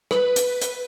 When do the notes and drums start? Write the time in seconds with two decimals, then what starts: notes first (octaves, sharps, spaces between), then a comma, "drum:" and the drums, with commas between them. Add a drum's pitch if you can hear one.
0.11 B4, drum: rim click
0.36 drum: hi-hat
0.61 drum: hi-hat